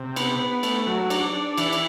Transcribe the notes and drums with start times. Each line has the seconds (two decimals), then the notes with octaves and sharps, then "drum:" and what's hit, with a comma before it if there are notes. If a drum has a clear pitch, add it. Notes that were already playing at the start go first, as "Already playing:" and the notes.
Already playing: C3
0.16 B3, drum: cymbal
0.40 B3
0.63 A3, drum: cymbal
0.87 F#3
1.10 D4, drum: cymbal
1.33 D4
1.58 E3, drum: cymbal
1.73 drum: cymbal